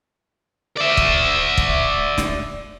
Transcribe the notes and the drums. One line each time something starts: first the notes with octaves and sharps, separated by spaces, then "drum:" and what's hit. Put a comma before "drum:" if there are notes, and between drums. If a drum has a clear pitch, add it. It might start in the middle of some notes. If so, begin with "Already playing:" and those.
D5 E5
drum: kick
drum: kick
drum: snare